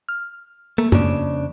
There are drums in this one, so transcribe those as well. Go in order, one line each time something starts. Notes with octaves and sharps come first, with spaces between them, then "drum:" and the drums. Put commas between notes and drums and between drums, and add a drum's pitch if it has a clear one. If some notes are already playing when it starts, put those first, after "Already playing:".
F6
A3 A#3
F2 C#3 D4, drum: tom